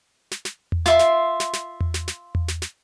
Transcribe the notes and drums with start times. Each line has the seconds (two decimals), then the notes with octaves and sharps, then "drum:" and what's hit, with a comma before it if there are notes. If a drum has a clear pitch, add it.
0.31 drum: snare
0.45 drum: snare
0.72 drum: tom E2
0.86 F4 E5 C6, drum: snare
0.99 drum: snare
1.40 drum: snare
1.53 drum: snare
1.81 drum: tom E2
1.94 drum: snare
2.08 drum: snare
2.35 drum: tom E2
2.48 drum: snare
2.62 drum: snare